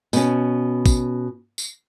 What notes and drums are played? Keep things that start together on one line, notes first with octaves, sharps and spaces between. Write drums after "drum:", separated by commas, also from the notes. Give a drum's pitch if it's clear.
B2 C#4, drum: tambourine
drum: kick, tambourine
drum: tambourine